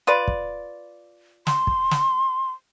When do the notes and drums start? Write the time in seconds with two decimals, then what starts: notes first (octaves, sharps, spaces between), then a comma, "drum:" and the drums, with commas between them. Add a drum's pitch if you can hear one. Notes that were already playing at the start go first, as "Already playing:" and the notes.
0.07 F4 B4 D5
0.28 drum: kick
1.47 C6, drum: snare
1.67 drum: kick
1.91 drum: snare